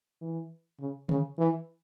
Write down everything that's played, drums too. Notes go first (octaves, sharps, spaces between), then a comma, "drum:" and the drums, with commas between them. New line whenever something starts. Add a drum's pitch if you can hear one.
E3
C#3
C#3, drum: tom D3
E3